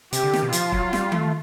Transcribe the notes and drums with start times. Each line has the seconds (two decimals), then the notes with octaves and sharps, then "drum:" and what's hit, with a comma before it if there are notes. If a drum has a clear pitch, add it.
0.13 C3 G4, drum: hi-hat
0.24 D3
0.33 D#3, drum: snare
0.43 B2
0.53 F3 F4, drum: hi-hat
0.72 F#3, drum: kick
0.93 G3, drum: snare
1.12 A3, drum: tom D#3